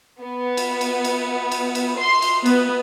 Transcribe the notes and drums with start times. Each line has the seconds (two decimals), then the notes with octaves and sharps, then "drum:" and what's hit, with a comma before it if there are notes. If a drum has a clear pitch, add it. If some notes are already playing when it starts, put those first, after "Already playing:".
0.22 B3
0.57 drum: cymbal
0.81 drum: cymbal
1.04 drum: cymbal
1.52 drum: cymbal
1.75 drum: cymbal
1.99 C6
2.22 drum: cymbal
2.46 B3, drum: cymbal